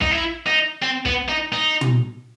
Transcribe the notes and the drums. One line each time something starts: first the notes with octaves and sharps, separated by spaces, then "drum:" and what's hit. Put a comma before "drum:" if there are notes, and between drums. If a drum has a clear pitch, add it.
D#4, drum: kick
E4
D#4
C4
B3, drum: kick
D#4
D#4
drum: tom